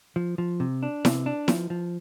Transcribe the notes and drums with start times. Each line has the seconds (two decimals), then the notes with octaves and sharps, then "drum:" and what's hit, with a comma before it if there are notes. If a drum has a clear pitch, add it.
0.16 F3
0.38 F3
0.60 C3
0.83 D4
1.05 C3, drum: snare E4
1.26 D4
1.48 F3, drum: snare E4
1.70 F3